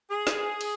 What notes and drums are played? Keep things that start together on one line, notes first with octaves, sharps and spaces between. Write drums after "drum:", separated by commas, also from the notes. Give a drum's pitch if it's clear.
G#4
drum: snare
drum: cymbal